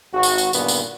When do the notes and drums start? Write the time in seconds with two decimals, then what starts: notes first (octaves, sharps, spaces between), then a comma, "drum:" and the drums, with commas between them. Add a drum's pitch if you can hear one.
0.13 G#1 F#4
0.23 drum: tambourine
0.38 drum: tambourine
0.53 G2 A#2 D3 D#3 B3, drum: tambourine
0.68 drum: tambourine